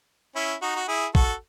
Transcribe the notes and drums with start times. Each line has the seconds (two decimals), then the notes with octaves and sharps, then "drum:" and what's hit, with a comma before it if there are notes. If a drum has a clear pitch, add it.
0.35 C#4 E4
0.62 D#4 F#4
0.76 F#4
0.88 E4 G#4
1.15 F#4 A4, drum: kick